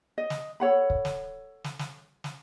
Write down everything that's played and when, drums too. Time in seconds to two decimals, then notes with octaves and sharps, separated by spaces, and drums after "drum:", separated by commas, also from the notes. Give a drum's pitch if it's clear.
0.18 D#5
0.30 drum: snare
0.60 A4 C#5 F#5 B5
0.90 drum: kick
1.05 drum: snare
1.64 drum: snare
1.79 drum: snare
2.24 drum: snare